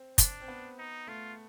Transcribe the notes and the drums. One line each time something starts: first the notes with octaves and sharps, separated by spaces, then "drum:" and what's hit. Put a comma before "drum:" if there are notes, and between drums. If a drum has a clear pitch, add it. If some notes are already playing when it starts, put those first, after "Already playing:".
Already playing: C4
D4, drum: kick, hi-hat
C4
B3
D#4
A3 F4